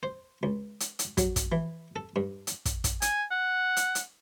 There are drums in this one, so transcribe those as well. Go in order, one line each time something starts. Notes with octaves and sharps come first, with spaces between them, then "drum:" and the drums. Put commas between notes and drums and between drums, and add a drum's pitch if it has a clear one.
C5
C#2
drum: hi-hat
drum: hi-hat
F#3, drum: kick, hi-hat
drum: kick, hi-hat
E3
A4
G2
drum: hi-hat
drum: kick, hi-hat
drum: kick, hi-hat
G#5, drum: hi-hat
F#5
drum: hi-hat
drum: hi-hat